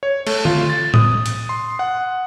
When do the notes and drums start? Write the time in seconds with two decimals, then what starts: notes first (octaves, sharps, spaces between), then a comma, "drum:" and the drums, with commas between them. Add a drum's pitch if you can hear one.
0.03 C#5
0.27 A3, drum: cymbal
0.45 F4, drum: tom D3
0.70 A6
0.94 D#6, drum: tom A2
1.26 drum: hi-hat
1.49 C6
1.79 F#5